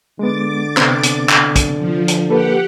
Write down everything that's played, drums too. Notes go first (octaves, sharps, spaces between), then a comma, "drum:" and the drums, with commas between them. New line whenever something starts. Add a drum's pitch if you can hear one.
D3 G#3 B3 D6 A6
C3 B3 C4, drum: clap
drum: hi-hat
drum: clap
drum: kick, hi-hat
F3
drum: hi-hat
A#3 G4 A4 B4 F#5